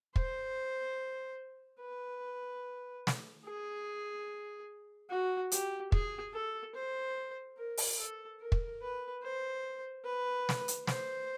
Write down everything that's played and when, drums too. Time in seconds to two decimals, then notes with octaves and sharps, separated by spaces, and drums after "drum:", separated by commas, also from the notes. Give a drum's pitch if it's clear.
0.16 C5, drum: kick
1.80 B4
3.07 drum: snare
3.45 G#4
5.10 F#4
5.52 G4, drum: hi-hat
5.92 G#4, drum: kick
6.34 A4
6.75 C5
7.58 A#4
7.77 drum: open hi-hat
7.98 A4
8.40 A#4
8.52 drum: kick
8.82 B4
9.23 C5
10.05 B4
10.49 drum: snare
10.68 drum: hi-hat
10.87 C5, drum: snare